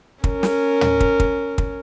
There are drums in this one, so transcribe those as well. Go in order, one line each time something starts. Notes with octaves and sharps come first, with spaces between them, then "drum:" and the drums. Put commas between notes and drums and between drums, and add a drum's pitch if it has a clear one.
C#4 A#4, drum: kick
drum: snare
drum: tom
drum: kick
drum: kick
drum: kick